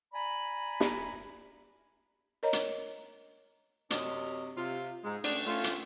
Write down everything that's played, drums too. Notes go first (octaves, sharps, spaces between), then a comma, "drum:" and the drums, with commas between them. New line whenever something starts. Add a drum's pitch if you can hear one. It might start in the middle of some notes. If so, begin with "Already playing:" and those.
D5 G#5 A#5 B5
drum: snare
A#4 C#5 D#5 A#5
drum: hi-hat
F#2 C3 C#4 D4 D#5, drum: hi-hat
C3 F4
G#2 G#3
A3 C#4 D4, drum: cymbal
A3 C#4 F4
drum: hi-hat